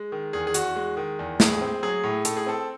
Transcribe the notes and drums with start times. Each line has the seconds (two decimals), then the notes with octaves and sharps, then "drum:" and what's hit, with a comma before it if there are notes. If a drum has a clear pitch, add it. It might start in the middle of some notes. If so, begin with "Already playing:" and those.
Already playing: G#3
0.12 D#3
0.33 E2 G#4
0.47 G#4
0.54 E2 F#4, drum: hi-hat
0.76 G#3
0.97 D#3
1.19 E2
1.40 A2 G#4, drum: snare
1.61 C4
1.83 F#3 G#4
2.04 A2
2.25 A2 A4, drum: hi-hat
2.37 G#4
2.46 C4 A4